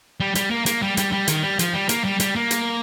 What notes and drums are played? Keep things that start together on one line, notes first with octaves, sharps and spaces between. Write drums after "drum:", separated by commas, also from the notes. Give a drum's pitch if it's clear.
G3
G3, drum: hi-hat
A#3
A#3, drum: hi-hat
G3
G3, drum: hi-hat
G3
D#3, drum: hi-hat
G3
F3, drum: hi-hat
G3
A#3, drum: hi-hat
G3
G3, drum: hi-hat
A#3
drum: hi-hat